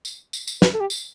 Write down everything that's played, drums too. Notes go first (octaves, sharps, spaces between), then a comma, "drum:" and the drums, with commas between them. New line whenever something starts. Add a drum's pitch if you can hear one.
drum: tambourine
drum: tambourine
drum: tambourine
B4, drum: snare
A4
G4
drum: tambourine